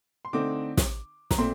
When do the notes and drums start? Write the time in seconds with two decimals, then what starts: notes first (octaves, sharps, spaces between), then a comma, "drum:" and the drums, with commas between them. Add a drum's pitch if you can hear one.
0.25 C6
0.33 D3 A3 C4 D#4 D6
0.77 drum: snare
1.31 A#5, drum: snare
1.38 A#2 A3 C4 C6